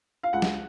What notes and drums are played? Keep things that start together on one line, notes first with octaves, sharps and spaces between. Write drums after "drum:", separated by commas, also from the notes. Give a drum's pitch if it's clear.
F5
C#2 F#5
drum: snare